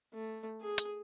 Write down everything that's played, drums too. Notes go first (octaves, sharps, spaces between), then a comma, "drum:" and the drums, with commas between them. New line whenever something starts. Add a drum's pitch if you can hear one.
A3
G#4
drum: hi-hat